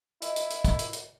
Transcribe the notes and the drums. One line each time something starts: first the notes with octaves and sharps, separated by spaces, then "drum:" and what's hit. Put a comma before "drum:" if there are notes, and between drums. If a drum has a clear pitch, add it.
E4 D#5, drum: hi-hat
drum: hi-hat
drum: hi-hat
drum: kick, hi-hat
drum: hi-hat
drum: hi-hat